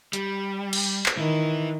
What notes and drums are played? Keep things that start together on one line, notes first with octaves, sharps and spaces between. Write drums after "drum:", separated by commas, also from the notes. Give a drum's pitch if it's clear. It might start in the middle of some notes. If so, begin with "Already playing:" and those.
G3, drum: hi-hat
drum: cymbal
drum: clap
D#3 E3 E4